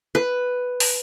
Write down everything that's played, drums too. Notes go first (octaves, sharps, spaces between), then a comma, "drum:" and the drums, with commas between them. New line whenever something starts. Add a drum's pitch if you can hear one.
B4
drum: open hi-hat